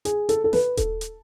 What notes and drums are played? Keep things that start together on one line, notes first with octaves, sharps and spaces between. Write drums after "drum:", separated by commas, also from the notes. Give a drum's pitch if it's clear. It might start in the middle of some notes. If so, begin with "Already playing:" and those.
G#4, drum: hi-hat
A4, drum: hi-hat
A4
B4, drum: snare
A4, drum: kick D#1, hi-hat
drum: hi-hat